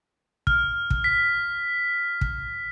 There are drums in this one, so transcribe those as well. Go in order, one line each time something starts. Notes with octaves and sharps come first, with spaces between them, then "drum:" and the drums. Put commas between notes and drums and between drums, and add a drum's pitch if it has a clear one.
F6, drum: kick
drum: kick
B6
drum: kick